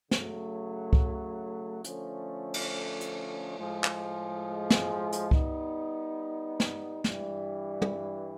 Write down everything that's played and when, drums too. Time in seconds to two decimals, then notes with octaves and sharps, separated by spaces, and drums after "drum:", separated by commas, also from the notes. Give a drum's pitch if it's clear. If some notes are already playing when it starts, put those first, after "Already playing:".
0.11 C#3 F#3 A3, drum: snare
0.93 drum: kick C2
1.84 D3 F3 A3 C#4, drum: hi-hat
2.54 drum: cymbal
3.01 drum: hi-hat
3.58 A2 F3 G#3
3.84 drum: clap
4.70 drum: snare
5.13 drum: hi-hat
5.31 G3 B3 D#4, drum: kick C2
6.60 drum: snare
7.04 G2 E3 G3, drum: snare
7.82 drum: tom